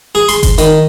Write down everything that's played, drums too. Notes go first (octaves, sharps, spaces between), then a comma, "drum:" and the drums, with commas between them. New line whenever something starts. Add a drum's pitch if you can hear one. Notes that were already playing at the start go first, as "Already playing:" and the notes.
G#4
C6, drum: hi-hat
drum: kick F#1, hi-hat
D#3, drum: hi-hat